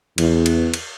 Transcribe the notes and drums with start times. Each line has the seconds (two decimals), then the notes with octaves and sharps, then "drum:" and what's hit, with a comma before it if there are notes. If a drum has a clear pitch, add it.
0.18 E2, drum: cymbal
0.46 drum: cymbal
0.74 drum: cymbal